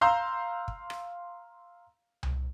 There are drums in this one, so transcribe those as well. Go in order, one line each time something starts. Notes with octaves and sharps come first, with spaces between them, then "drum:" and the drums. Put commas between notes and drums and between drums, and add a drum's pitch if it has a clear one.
F5 A#5 C6 E6 G6
drum: kick
drum: rim click
drum: tom C2